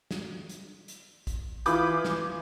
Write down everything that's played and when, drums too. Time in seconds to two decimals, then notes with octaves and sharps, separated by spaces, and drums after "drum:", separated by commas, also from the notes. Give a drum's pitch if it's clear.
0.11 drum: snare
0.49 drum: hi-hat
0.88 drum: hi-hat
1.27 drum: kick, hi-hat
1.66 E3 F4 B4 B5 D6 G6, drum: hi-hat
2.05 drum: snare